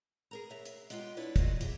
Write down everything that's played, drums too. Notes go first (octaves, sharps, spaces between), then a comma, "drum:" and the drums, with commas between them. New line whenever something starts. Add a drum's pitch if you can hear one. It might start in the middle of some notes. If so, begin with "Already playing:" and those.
G#4 A#4 A#5
F#3 E5 A#5
drum: hi-hat
G#3 B3 F4 G4 G5, drum: hi-hat
D4 E4 B4 C#5 D5 E5
F4 F#4 A4 A#4 D5 D#5, drum: kick, hi-hat
G4 G#4 E5, drum: hi-hat